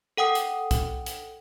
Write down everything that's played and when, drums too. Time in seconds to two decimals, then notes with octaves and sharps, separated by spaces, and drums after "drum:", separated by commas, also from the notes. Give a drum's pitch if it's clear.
0.17 A4 F#5 G5 D#6
0.35 drum: hi-hat
0.71 drum: kick B1, hi-hat
1.06 drum: hi-hat